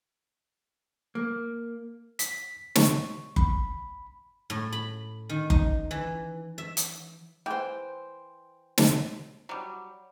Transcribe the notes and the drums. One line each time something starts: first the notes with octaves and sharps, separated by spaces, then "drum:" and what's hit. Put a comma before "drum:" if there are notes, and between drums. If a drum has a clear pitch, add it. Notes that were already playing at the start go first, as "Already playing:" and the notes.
A#3
B6, drum: hi-hat
C#6, drum: snare
B5, drum: kick F#1
A2
B5
D#3
D#4, drum: kick F#1
E3
E5
drum: hi-hat
E3 C5 G5
drum: snare
F#3 G3